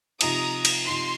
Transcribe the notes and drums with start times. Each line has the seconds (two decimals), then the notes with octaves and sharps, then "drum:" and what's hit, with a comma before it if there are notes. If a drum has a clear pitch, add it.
0.21 C3 F3 D#4 A#5 D#6, drum: cymbal
0.65 drum: cymbal
0.86 C3 F3 D#4 C6